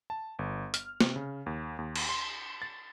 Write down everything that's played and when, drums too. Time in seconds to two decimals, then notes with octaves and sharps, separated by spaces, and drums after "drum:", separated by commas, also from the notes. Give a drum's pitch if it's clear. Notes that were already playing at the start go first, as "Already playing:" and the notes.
0.10 A5
0.39 G1
0.74 F6, drum: hi-hat
1.01 C3, drum: snare
1.16 C#3
1.46 D#2
1.79 D#2
1.96 drum: cymbal
2.09 C6
2.62 A6